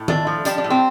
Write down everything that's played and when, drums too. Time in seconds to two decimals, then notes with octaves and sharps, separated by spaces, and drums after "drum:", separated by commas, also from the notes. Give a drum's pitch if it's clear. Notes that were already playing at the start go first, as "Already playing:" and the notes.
Already playing: A2
0.08 A3 D4, drum: tom D#3
0.27 F3
0.45 G3 D4, drum: hi-hat
0.58 D4
0.64 A2
0.70 C4